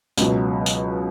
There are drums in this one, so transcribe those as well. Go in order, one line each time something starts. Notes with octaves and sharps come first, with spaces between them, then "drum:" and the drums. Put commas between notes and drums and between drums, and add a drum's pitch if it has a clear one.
C#2 B2 F#3, drum: tambourine
drum: tambourine